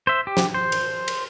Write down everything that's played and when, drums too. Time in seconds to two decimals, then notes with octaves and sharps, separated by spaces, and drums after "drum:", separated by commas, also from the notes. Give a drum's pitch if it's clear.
0.07 C5 E5
0.27 G4
0.37 drum: snare
0.54 C5
0.72 drum: cymbal
1.08 drum: cymbal